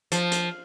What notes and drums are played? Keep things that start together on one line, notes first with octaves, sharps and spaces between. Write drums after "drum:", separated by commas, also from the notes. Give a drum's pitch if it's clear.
F3, drum: hi-hat
drum: hi-hat